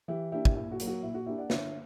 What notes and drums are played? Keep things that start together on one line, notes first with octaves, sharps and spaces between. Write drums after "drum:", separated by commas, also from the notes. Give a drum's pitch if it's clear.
E3 E4 G4
A#3 D4 E4 G4
drum: kick
A#2 E4
F#4
F#3 A#3, drum: hi-hat
F#4
A#2 E4
F#4
A#3 D4 E4 G4
D5 F#5
D3 C#5 E5, drum: snare